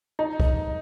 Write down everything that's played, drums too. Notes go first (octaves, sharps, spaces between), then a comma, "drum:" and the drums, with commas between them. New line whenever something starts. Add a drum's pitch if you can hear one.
D#4
drum: kick